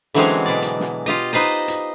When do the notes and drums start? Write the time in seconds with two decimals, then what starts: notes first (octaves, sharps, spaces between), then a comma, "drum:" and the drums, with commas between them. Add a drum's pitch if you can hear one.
0.14 D3 E3 F#3 G#3 C4 C#4
0.46 B2 D5
0.62 drum: hi-hat
0.80 drum: snare
1.06 F4 G4 D#5
1.33 D#4 B4 C5 D#5, drum: hi-hat
1.68 drum: hi-hat